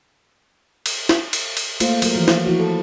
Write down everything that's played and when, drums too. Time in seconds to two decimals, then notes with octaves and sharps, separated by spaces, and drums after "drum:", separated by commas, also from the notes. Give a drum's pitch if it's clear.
0.86 drum: cymbal
1.09 drum: snare
1.33 drum: cymbal
1.57 drum: cymbal
1.80 A3 A#3 F4 C5, drum: cymbal
2.02 F#3 A3 A#4, drum: cymbal
2.16 E3 F3
2.28 drum: snare
2.46 F3 E4 F#4
2.60 A4